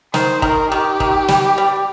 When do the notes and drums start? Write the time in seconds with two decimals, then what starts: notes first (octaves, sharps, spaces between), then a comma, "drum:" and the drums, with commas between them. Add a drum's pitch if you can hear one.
0.14 D#3 C5, drum: snare
0.42 D#3 A#4, drum: kick
0.71 D#3 G4
1.00 D#3, drum: kick
1.28 G3, drum: snare
1.58 G3